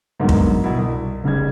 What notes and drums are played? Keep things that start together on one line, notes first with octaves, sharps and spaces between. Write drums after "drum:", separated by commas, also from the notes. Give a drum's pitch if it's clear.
C2 G#2 D3 F#3 A#3 B3
drum: kick
G2 B2 E4
C2
F1 C#3 G3 G#6